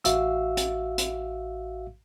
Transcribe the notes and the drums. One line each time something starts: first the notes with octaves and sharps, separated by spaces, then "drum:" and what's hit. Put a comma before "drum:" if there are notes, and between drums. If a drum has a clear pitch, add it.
A1 F#4 E5 F5 E6, drum: hi-hat
drum: hi-hat
drum: hi-hat